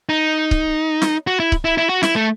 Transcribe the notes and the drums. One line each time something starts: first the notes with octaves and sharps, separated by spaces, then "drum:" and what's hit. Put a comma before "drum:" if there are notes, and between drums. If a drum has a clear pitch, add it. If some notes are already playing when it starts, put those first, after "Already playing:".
D#4
drum: kick C#1
drum: snare
F#4
E4
drum: kick C#1
E4
E4
F#4
E4, drum: snare
A3